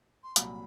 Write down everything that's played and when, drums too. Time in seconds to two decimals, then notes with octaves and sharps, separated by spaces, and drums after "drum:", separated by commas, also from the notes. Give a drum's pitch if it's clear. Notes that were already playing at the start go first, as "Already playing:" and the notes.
0.23 C6
0.36 C2 A#2 F#3 B5, drum: hi-hat